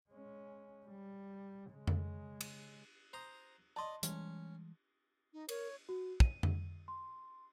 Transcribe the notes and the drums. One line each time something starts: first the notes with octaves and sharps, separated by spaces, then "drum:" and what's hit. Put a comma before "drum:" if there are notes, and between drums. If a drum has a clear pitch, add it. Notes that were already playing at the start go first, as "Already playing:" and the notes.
G#3 C#4
G3
C#3 G#3
drum: tom F2
drum: cymbal
C5 A#5 D#6
D5 D#5 A5 C6
E3 G3 G#3 C#4, drum: hi-hat
D#4
A#4 C#5, drum: cymbal
F#4
D#7, drum: kick
drum: tom F2
C6